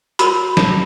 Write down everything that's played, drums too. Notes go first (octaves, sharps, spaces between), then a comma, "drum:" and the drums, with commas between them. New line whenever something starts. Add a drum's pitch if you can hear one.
F#4 A#4 C#5 B5, drum: hi-hat
drum: snare